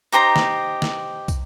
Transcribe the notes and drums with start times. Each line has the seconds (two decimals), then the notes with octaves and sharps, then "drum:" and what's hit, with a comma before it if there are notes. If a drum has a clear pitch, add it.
0.12 D#4 G4 C5 A#5
0.36 drum: snare
0.82 drum: snare
1.28 drum: kick, tambourine